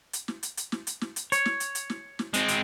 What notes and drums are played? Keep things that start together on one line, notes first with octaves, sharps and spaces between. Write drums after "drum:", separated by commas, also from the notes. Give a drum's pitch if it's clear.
drum: hi-hat
drum: snare
drum: hi-hat
drum: hi-hat
drum: snare
drum: hi-hat
drum: snare
drum: hi-hat
C#5, drum: hi-hat
drum: snare
drum: hi-hat
drum: hi-hat
drum: snare
drum: snare
G#3 C4, drum: hi-hat
drum: hi-hat